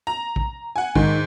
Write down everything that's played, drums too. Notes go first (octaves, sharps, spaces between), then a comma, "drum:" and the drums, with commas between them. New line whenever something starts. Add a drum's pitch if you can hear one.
A#5
drum: kick
F#5 G#5
G#2 D#3, drum: kick